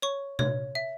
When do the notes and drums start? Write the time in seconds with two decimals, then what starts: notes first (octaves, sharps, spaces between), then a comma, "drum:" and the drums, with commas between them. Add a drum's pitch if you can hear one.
0.02 C#5 C#6
0.39 C#5, drum: tom C3
0.75 E5